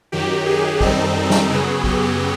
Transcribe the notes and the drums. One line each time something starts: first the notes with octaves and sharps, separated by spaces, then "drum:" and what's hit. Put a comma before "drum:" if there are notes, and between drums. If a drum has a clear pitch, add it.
F#2 D#3 F#3 G4
G#4
F#2 D#3 G3 C4 D#4 A4, drum: kick
drum: snare
F#2 C#3 F#3 B3 G#4
G4, drum: kick